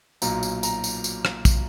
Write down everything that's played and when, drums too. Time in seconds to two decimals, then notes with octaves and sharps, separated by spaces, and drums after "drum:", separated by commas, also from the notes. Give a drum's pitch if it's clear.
0.22 B1 A#2 F#3 A#5, drum: tambourine
0.43 drum: tambourine
0.63 A#5, drum: tambourine
0.84 drum: tambourine
1.04 drum: tambourine
1.25 drum: rim click
1.45 drum: kick, tambourine